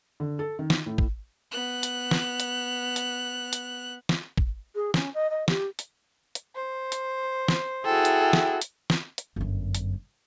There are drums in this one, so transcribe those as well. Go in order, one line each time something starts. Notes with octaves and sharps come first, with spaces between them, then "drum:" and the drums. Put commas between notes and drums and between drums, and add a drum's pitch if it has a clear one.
D3
A4
D#3
drum: snare
A2
drum: kick
B3 F#6
drum: hi-hat
drum: snare
drum: hi-hat
drum: hi-hat
drum: hi-hat
drum: snare
drum: kick
G#4
C#4, drum: snare
D#5
D#5
G4, drum: snare
drum: hi-hat
drum: hi-hat
C5
drum: hi-hat
drum: snare
E4 F#4 G#4 A4 G5
drum: hi-hat
drum: snare
drum: hi-hat
drum: snare
drum: hi-hat
G1 F#2
drum: hi-hat